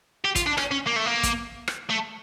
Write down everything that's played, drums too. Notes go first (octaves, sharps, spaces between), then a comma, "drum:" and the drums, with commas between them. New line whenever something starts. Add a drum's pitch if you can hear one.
G4
F4, drum: kick, hi-hat
D4
C#4, drum: rim click
C#4
A#3
A3
A#3
drum: kick, hi-hat
drum: rim click
A3